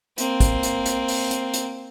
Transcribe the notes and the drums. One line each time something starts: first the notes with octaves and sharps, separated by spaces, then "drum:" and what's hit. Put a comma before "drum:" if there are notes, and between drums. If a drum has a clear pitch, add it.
A#3 C4, drum: hi-hat
drum: kick, hi-hat
drum: hi-hat
drum: hi-hat
drum: open hi-hat
drum: hi-hat
drum: hi-hat